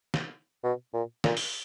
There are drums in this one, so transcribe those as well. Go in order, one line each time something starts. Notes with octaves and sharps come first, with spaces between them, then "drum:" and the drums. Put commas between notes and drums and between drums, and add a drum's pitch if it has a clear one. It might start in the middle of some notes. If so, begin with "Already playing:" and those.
drum: snare
B2
A#2
A#2, drum: snare
drum: open hi-hat